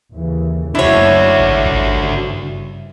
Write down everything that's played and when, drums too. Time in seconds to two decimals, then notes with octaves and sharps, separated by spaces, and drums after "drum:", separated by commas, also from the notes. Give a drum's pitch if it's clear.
0.13 D#2 C#3 E3
0.75 F#1 C#2 D4 E4 F#4 C#5
1.40 G2 C#3, drum: kick G#1
1.66 drum: kick G#1